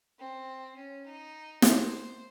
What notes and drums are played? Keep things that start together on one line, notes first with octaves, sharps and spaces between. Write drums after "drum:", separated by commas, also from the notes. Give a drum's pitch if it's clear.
C4
C#4
D#4
C5, drum: snare